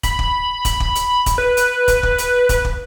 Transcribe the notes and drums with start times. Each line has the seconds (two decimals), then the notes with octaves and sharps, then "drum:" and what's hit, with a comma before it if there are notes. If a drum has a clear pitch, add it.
0.03 B5, drum: kick, hi-hat
0.19 drum: kick
0.65 drum: kick, hi-hat
0.80 drum: kick
0.96 drum: hi-hat
1.26 drum: kick, hi-hat
1.38 B4
1.57 drum: hi-hat
1.88 drum: kick, hi-hat
2.03 drum: kick
2.19 drum: hi-hat
2.49 drum: kick, hi-hat
2.65 drum: kick